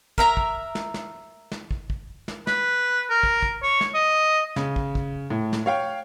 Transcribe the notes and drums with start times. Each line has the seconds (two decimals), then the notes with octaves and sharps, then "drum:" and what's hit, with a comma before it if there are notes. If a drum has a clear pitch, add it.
0.18 A#4 E5 A#5, drum: kick
0.37 drum: kick
0.75 drum: snare
0.94 drum: snare
1.52 drum: snare
1.71 drum: kick
1.90 drum: kick
2.28 drum: snare
2.47 B4, drum: snare
3.10 A#4
3.23 drum: kick
3.43 drum: kick
3.63 C#5
3.81 drum: snare
3.94 D#5
4.56 C#3, drum: snare
4.76 drum: kick
4.95 drum: kick
5.30 A2
5.53 drum: snare
5.66 C#5 F5 G5